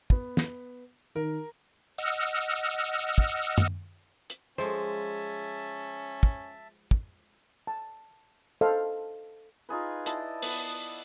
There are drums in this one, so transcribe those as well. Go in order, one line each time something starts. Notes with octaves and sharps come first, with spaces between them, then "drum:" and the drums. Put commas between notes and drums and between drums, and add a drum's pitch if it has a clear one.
B3, drum: kick
drum: snare
D#3 A#4
D#5 F#5 E6 F6
drum: kick
drum: tom F#2
drum: hi-hat
F3 G#3 C#4 C5 D#5 E5 A5
drum: kick
drum: kick
A5
A4 C5 D#5 F5
D#4 F4 G#4 B4
E4 D5 D#5 A5, drum: hi-hat
B3, drum: open hi-hat